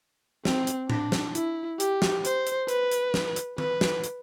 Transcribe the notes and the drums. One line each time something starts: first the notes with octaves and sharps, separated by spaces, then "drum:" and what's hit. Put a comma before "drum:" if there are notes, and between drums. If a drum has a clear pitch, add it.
C4, drum: snare
drum: hi-hat
D4, drum: tom A2
drum: snare
E4, drum: hi-hat
G4, drum: hi-hat
drum: snare
C5, drum: hi-hat
drum: hi-hat
B4, drum: hi-hat
drum: hi-hat
drum: snare
drum: hi-hat
B4, drum: tom D#3
drum: snare
drum: hi-hat